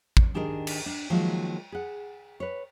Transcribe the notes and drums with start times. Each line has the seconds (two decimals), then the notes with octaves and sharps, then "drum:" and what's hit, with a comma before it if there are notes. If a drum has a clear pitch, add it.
0.17 drum: kick
0.35 D#3 D4 G4 G#4 A#4 D#5
0.67 drum: cymbal
0.86 D4
1.10 D#3 F3 F#3 G#3 A#3
1.72 G#4 F#5
2.40 B4 C#5